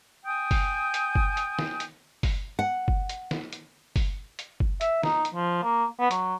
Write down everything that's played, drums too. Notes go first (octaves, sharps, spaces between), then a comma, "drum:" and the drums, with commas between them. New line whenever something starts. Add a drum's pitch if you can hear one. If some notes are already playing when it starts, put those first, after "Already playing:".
G5 G#5 D#6 G6
drum: kick F#1, open hi-hat
drum: hi-hat
drum: kick F#1
drum: hi-hat
drum: snare
drum: hi-hat
drum: kick F#1, open hi-hat
F#5
drum: kick F#1
drum: hi-hat
drum: snare
drum: hi-hat
drum: kick F#1, open hi-hat
drum: hi-hat
drum: kick F#1
E5, drum: hi-hat
D#4, drum: snare
drum: hi-hat
F3
A#3
B3
F#3, drum: hi-hat